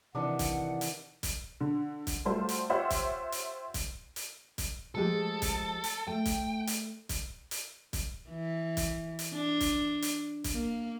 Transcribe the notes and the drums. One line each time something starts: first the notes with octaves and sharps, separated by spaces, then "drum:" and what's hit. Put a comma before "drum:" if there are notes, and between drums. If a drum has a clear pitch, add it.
C3 D#3 E3 D4 D5 F#5
drum: kick, hi-hat
drum: hi-hat
drum: kick, hi-hat
D3
drum: kick, hi-hat
G3 A3 F4 F#4 A4 C5
drum: hi-hat
F4 G4 C5 C#5 E5 F#5
drum: kick, hi-hat
drum: hi-hat
drum: kick, hi-hat
drum: hi-hat
drum: kick, hi-hat
F3 G#3 G4 A4
drum: kick, hi-hat
drum: hi-hat
A3 G5
drum: kick, hi-hat
drum: hi-hat
drum: kick, hi-hat
drum: hi-hat
drum: kick, hi-hat
E3
drum: kick, hi-hat
drum: hi-hat
D4
drum: kick, hi-hat
drum: hi-hat
drum: kick, hi-hat
A#3